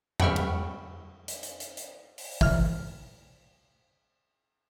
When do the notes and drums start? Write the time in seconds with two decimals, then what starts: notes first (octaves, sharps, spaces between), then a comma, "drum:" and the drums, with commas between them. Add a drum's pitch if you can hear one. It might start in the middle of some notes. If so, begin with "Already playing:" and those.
0.20 F#5 G5 B5 C#6 E6 F6, drum: tom E2
0.36 drum: cymbal
1.28 drum: hi-hat
1.43 drum: hi-hat
1.60 drum: hi-hat
1.77 drum: hi-hat
2.18 drum: open hi-hat
2.41 E3 F6, drum: kick